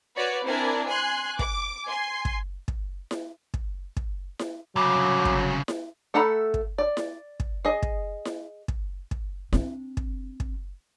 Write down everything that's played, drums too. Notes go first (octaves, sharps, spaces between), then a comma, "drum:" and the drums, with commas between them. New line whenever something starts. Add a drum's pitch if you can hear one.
F#4 B4 C#5 D5
C4 D4 E4 A#4 D5 G#5
G#5 C6 F#6
D6, drum: kick
G#5 C6
drum: kick
drum: kick
drum: snare E4
drum: kick
drum: kick
drum: snare E4
C2 C#3 F#3 D6
drum: kick
drum: snare E4
A3 A4 F#5 A#5 B5
drum: kick
D5
drum: snare E4
drum: kick
G#4 D#5
drum: kick
drum: snare E4
drum: kick
drum: kick
C4 D4, drum: snare E4
drum: kick
drum: kick